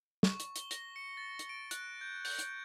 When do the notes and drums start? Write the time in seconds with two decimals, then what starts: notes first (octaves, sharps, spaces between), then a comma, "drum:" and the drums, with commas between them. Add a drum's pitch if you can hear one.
0.23 C#6, drum: snare
0.40 drum: hi-hat
0.56 G7, drum: hi-hat
0.71 A#6, drum: hi-hat
0.96 C#7
1.17 A6
1.39 drum: hi-hat
1.49 D7
1.71 F#6, drum: hi-hat
2.01 G6
2.25 G6, drum: open hi-hat
2.39 drum: hi-hat